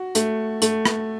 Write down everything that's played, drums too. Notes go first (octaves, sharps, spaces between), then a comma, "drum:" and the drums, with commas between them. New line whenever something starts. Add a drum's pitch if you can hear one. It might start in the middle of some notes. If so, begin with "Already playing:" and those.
Already playing: F#4
A3, drum: hi-hat
A3, drum: hi-hat
drum: rim click